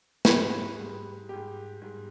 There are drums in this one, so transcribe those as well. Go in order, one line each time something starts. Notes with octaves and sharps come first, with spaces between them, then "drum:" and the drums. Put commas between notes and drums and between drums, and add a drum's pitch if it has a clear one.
G#2 G3 B4, drum: snare
G#2 G3
G#2 G3 G4
G#2 G3